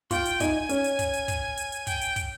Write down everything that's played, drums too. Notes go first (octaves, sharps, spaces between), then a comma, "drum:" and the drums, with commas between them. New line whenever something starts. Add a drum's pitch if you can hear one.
F4 G5, drum: kick, hi-hat
drum: hi-hat
D#4 G#5, drum: kick, hi-hat
C#4, drum: hi-hat
drum: hi-hat
drum: kick, hi-hat
drum: hi-hat
drum: kick, hi-hat
drum: hi-hat
drum: hi-hat
G5, drum: kick, hi-hat
drum: hi-hat
drum: kick, hi-hat